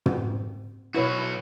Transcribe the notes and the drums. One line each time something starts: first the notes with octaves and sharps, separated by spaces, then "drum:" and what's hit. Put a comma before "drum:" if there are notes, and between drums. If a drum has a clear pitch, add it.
C4, drum: tom
B1 E4 F#4 B4 C#5